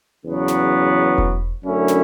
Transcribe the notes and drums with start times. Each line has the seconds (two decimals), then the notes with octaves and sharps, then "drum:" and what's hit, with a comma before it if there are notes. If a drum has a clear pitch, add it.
0.25 E2 C#3 F#3 B3
0.48 drum: snare
1.18 drum: kick E1
1.64 F#2 D3 A3 C#4 E4
1.88 drum: snare